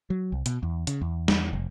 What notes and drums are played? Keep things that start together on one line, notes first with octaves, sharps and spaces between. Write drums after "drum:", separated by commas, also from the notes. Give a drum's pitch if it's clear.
F#3
C2
B2, drum: hi-hat
E2
C#3, drum: hi-hat
E2
drum: snare
F1